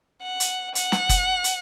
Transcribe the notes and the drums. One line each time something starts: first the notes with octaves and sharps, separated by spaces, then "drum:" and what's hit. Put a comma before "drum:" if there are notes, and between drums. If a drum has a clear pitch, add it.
F#5
drum: hi-hat
F#5, drum: hi-hat
drum: snare
drum: kick F#1, hi-hat
drum: hi-hat